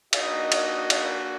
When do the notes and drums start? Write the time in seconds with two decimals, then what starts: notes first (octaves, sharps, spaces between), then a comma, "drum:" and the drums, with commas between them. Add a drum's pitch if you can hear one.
0.13 A#3 D4 D#4 F#4 D#5, drum: cymbal
0.52 drum: cymbal
0.90 drum: cymbal